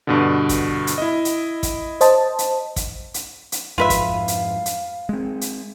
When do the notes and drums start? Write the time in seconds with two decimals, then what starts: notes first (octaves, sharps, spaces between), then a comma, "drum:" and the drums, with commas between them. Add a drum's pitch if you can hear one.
0.07 G2 B2 D3
0.49 drum: kick, hi-hat
0.87 drum: hi-hat
0.98 E4 D#5
1.25 drum: hi-hat
1.63 drum: kick, hi-hat
2.01 C5 D#5 A5, drum: hi-hat
2.39 drum: hi-hat
2.76 drum: kick, hi-hat
3.14 drum: hi-hat
3.52 drum: hi-hat
3.78 F2 G#2 F4 B4 E5 F5
3.90 drum: kick, hi-hat
4.28 drum: hi-hat
4.66 drum: hi-hat
5.09 G#3 C4
5.41 drum: hi-hat